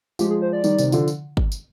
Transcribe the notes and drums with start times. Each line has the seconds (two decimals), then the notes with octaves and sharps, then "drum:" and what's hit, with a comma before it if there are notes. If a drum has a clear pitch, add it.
0.19 F3 G#3 G4, drum: tambourine
0.30 G#4
0.42 C5
0.53 D5
0.64 D#3 G3, drum: tambourine
0.79 C3 D#3, drum: tambourine
0.92 D3 F3, drum: tambourine
1.08 drum: tambourine
1.37 drum: kick
1.52 drum: tambourine